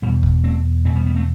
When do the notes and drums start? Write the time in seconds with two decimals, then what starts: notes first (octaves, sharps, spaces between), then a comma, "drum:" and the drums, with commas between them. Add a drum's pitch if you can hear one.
0.02 E2 B2 G3 B3
0.23 drum: kick
0.44 A3 C4
0.85 E2 B2 A3 C4
0.95 G3 B3
1.06 G3 B3
1.16 A3 C4